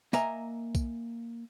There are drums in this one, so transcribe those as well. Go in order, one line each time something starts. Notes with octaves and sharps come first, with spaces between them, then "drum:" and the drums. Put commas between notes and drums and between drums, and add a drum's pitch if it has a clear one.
A#3 D#5 E5 G#5 A#5, drum: tambourine
drum: kick B1, tambourine